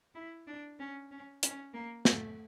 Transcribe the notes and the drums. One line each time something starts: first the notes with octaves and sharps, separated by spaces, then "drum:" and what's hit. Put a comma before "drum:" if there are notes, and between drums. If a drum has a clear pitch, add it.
E4
D4
C#4
C#4
C#4, drum: hi-hat
A#3
A3, drum: snare